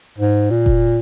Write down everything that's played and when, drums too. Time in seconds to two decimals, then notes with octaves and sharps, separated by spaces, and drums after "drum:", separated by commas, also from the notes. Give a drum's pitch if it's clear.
0.18 G#2
0.50 A#2
0.66 drum: kick F1